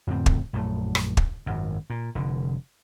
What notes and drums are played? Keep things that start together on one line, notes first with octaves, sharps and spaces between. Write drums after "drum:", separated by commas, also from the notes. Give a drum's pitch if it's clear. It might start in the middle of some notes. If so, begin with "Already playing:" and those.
F2 A2 D3 C4
drum: kick
A#1 F#2 D3 A3
drum: rim click
drum: kick
G#1 F#2
A#2
F1 D3